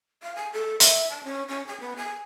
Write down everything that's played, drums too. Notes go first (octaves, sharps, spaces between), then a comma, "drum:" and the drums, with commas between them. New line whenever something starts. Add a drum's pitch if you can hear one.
F5
G#5
A4
E5, drum: hi-hat
A5
C#4
C#4
G#5
B3
G#5